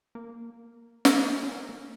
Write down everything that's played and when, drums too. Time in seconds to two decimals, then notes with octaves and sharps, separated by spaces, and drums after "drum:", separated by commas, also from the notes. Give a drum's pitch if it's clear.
0.15 A#3
1.05 drum: snare
1.30 C#4
1.43 C#4
1.52 A#3
1.57 C4
1.69 A#3